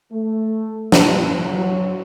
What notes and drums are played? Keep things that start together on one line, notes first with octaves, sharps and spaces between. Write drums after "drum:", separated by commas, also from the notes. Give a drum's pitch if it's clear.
A3
A#2, drum: snare
F#3